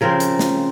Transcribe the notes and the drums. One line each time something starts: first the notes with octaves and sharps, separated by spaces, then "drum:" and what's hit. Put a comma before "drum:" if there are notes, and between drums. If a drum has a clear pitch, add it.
C#3 F3 C4 A#4
drum: hi-hat
drum: snare